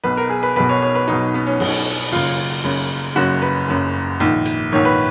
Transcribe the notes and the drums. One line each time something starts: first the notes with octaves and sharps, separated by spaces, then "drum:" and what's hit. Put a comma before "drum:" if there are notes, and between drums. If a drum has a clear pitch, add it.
B1 B2 B4
A#4
G#4
B4
B1 B2 B4
C#5
C#5
B4
B1 B2 D#4
B3
C#4
B1 B2, drum: cymbal
F#1 F#2 C#3 F4
F#1 F#2 C#3
F#1 F#2 C#3 F#4
B4
F#1 F#2 C#3
A#1 G#2 D#3
drum: hi-hat
A#1 G#2 D#3 C#5
B4